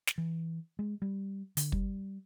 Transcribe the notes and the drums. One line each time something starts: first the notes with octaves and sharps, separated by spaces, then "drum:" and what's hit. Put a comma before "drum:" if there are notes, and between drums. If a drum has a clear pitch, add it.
drum: snare
E3
G#3
G3
D3, drum: hi-hat
G3, drum: kick